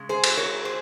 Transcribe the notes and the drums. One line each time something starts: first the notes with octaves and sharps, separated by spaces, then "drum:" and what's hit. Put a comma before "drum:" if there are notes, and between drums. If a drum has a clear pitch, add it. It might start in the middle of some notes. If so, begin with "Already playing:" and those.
Already playing: C#3 G#3
G#4 C5
drum: cymbal
A#4 C#5
G#4 C5